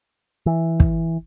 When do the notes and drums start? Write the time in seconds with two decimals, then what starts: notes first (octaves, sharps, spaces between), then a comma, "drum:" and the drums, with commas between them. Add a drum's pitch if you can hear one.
0.46 E3
0.80 drum: kick